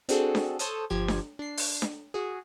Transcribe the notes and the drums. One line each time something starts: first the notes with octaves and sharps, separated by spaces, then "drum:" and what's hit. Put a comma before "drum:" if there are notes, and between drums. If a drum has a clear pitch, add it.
C4 D4 F#4 G#4 A4, drum: hi-hat
drum: snare D4
A4 C5 C#5 A5 D#6, drum: hi-hat
G1 F3 G4 G#6
drum: snare D4
D4 C7
drum: open hi-hat
drum: snare D4
F#4 G#4